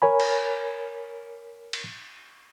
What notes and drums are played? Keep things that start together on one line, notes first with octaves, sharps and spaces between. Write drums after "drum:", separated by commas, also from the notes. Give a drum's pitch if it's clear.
A#4 C#5 G#5 B5
drum: cymbal
drum: cymbal